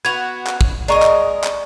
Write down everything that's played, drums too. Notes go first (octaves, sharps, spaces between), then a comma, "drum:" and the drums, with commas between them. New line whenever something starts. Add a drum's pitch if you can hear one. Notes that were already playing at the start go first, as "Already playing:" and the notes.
B3 F#4 G#6 F7
drum: clap
drum: kick
G#3 A#4 D5 D#5 A#5 C#6
drum: clap
drum: clap